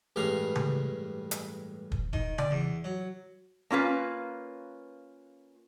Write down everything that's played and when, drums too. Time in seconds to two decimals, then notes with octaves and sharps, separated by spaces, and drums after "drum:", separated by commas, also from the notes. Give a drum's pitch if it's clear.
0.16 A1 G2 G3 G#3 F5
0.56 drum: tom C#3
1.31 drum: hi-hat
1.92 drum: kick
2.13 D#3, drum: kick
2.38 D5, drum: tom C#3
2.51 E2
2.84 F#3
3.70 A#3 C#4 F4 B4